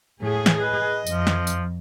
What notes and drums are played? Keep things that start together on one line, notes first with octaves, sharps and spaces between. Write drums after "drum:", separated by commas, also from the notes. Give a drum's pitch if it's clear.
A2 G#4
drum: snare
B4 D#5
F2 F3, drum: tambourine
drum: snare
drum: tambourine